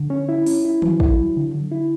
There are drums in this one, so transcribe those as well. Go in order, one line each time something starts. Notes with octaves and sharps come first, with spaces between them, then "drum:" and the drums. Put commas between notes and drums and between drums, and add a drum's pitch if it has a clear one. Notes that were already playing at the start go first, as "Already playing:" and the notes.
Already playing: D3
C#4
E4
C#4, drum: open hi-hat
E4
F#3, drum: tom D#3
E4, drum: kick
F#3
D3
D3
E4